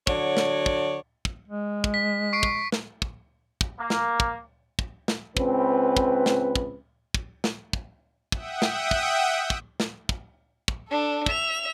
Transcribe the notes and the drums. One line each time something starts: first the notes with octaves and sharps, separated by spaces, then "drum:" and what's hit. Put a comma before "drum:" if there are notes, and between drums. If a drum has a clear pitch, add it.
D3 F#3 C#5 D5, drum: kick
drum: snare
drum: kick
drum: kick
G#3
drum: kick
B6
C#6 C7 D7
drum: kick
drum: snare
drum: kick
drum: kick
A#3
drum: snare
drum: kick
drum: kick
drum: snare
C#2 C4 B4, drum: kick
drum: kick
drum: snare
drum: kick
drum: kick
drum: snare
drum: kick
E5 F#5 G5 D#6, drum: kick
drum: snare
drum: kick
drum: kick
drum: snare
drum: kick
drum: kick
D4 A4
E5 F7, drum: kick